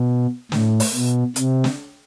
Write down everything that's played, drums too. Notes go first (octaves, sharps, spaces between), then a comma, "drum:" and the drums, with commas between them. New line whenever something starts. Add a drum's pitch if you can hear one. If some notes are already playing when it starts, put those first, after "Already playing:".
Already playing: B2
A2, drum: snare
drum: open hi-hat
B2
C3, drum: hi-hat
drum: snare